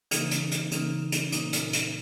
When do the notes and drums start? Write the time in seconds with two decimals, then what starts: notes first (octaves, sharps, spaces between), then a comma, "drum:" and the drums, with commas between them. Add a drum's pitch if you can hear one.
0.11 C#3 E3 A#3 D#4, drum: hi-hat
0.31 drum: hi-hat
0.51 drum: hi-hat
0.71 C#3 E3 A#3 D#4, drum: hi-hat
1.12 drum: hi-hat
1.32 A#2 A#3 D#4, drum: hi-hat
1.53 drum: hi-hat
1.73 drum: hi-hat